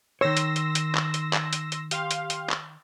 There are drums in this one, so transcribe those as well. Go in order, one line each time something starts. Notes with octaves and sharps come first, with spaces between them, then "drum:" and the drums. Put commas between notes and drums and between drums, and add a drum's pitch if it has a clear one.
D#3 C#5 C6 E6 A#6
drum: hi-hat
drum: hi-hat
drum: hi-hat
drum: clap
drum: hi-hat
drum: clap
drum: hi-hat
drum: hi-hat
G4 F5 C6, drum: hi-hat
drum: hi-hat
drum: hi-hat
drum: clap